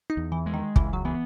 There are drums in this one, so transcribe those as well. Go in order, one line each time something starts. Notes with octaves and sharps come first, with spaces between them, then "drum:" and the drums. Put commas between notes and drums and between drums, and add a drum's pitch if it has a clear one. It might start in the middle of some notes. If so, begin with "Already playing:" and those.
D#4
E2
E3
G#3
D#3
C#2 E3, drum: kick
F#3
E3 B3